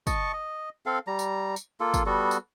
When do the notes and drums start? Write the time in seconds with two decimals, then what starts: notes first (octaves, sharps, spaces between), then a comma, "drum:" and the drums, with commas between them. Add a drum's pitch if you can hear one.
0.07 D#5 A5 C#6, drum: kick, tambourine
0.33 D#5
0.86 C4 A4 F5
1.07 G3 A#5
1.19 drum: tambourine
1.56 drum: tambourine
1.80 A#3 F4 A4
1.94 drum: kick, tambourine
2.06 G3 B3 F#4 A4
2.31 drum: tambourine